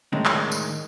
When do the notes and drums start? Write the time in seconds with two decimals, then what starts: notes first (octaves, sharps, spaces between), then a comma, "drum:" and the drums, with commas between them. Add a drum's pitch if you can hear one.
0.12 A2 D#3 G#3 D4 D#4
0.25 drum: clap
0.52 drum: tambourine